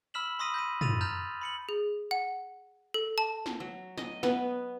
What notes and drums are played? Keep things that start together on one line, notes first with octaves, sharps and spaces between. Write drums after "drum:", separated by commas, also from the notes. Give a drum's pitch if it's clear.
B5 E6 F6 B6 E7 F#7
B5 C6 D#6 A#6 B6 D#7
G6 A#6 B6 D#7
A6 D#7 F7, drum: tom
A#5 F6 G6 A6 D#7 F7
B5 C#7 F#7
G#4
F#5
A4
A5
drum: snare
F#3
D#5, drum: snare
B3, drum: snare